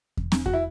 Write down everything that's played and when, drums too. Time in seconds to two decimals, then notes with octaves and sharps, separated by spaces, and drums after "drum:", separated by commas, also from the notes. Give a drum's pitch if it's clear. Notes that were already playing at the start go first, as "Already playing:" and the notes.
0.17 drum: kick E2
0.32 drum: snare C4
0.46 F#4, drum: kick E2
0.53 E4